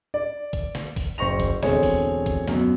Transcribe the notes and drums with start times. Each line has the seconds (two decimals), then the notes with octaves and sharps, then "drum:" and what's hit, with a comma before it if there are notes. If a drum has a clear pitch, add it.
0.14 D5
0.53 drum: kick A1, hi-hat
0.75 drum: snare
0.96 drum: kick A1, open hi-hat
1.18 F#1 C5 C#6 A#6 F7
1.40 drum: kick A1, hi-hat
1.63 E1 D3 C4 G#4 C#5, drum: snare
1.83 drum: kick A1, open hi-hat
2.26 drum: kick A1, hi-hat
2.48 F#2 B2, drum: snare